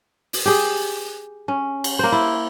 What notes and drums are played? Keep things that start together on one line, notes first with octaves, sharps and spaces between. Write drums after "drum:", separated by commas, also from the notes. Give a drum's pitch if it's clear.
drum: open hi-hat
G4 G#4
C#4
drum: cymbal
A#3 C5
E4